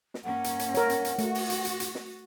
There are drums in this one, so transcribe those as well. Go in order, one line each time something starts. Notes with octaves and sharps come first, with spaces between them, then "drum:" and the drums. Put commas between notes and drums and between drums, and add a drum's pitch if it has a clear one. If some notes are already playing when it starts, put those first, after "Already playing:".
drum: snare
G2 A#3 C#4 F#5
drum: hi-hat
drum: hi-hat
A#4 C#5, drum: hi-hat
drum: hi-hat
drum: hi-hat
A3 F#4, drum: hi-hat
drum: open hi-hat
drum: hi-hat
drum: hi-hat
drum: hi-hat
drum: snare